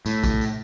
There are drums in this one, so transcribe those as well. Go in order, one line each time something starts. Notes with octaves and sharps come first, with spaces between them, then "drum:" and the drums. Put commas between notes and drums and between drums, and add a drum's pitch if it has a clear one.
A2, drum: tambourine
drum: kick, tambourine
drum: tambourine